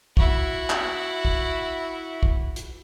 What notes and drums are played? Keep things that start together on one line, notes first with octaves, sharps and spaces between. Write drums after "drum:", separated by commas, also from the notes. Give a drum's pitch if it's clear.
E4 F#4, drum: kick
drum: clap
drum: kick
drum: kick
drum: hi-hat